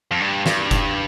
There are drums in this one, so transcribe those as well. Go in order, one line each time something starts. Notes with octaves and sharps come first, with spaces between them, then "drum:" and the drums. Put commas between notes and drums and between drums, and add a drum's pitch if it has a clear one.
F2
G2
G2, drum: snare
drum: kick F1, hi-hat